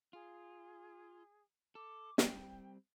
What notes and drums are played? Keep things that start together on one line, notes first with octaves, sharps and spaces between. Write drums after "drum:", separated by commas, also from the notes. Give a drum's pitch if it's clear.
F4 G#4
A4 D6
G3 C4 G5, drum: snare